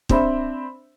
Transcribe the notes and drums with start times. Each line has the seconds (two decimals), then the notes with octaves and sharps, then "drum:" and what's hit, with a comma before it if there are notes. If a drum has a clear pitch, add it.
0.09 C4 D4 C5 E5 B5, drum: kick